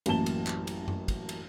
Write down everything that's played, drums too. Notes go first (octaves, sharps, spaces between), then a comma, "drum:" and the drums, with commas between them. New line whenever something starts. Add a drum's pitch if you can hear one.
A1 F#2 A#3 A5 E7 G7, drum: cymbal
drum: cymbal
drum: clap
drum: cymbal
drum: tom F#2
drum: kick, cymbal
drum: cymbal